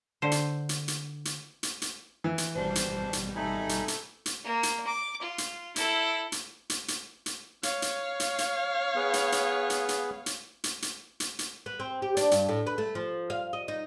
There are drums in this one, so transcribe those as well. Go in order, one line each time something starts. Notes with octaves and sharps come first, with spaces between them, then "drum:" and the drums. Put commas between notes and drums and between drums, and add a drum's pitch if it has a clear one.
D3 C5
drum: hi-hat
drum: hi-hat
drum: hi-hat
drum: hi-hat
drum: hi-hat
drum: hi-hat
E3
drum: hi-hat
G#1 B2 G3 D4 C5
drum: hi-hat
drum: hi-hat
A3 D#4 G#5 B5
drum: hi-hat
drum: hi-hat
drum: hi-hat
A#3
drum: hi-hat
D6
F4
drum: hi-hat
E4 A4, drum: hi-hat
drum: hi-hat
drum: hi-hat
drum: hi-hat
drum: hi-hat
C#5 F5, drum: hi-hat
drum: hi-hat
drum: hi-hat
drum: hi-hat
B3 G#4 B4
drum: hi-hat
drum: hi-hat
drum: hi-hat
drum: hi-hat
drum: hi-hat
drum: hi-hat
drum: hi-hat
drum: hi-hat
drum: hi-hat
B3
C4
G4
D4, drum: hi-hat
G2, drum: hi-hat
A2
B4
A3
F3
F5
D#5
D#4